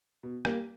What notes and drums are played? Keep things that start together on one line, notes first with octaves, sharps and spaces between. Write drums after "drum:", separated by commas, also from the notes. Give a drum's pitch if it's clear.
B2
G3 A#3, drum: rim click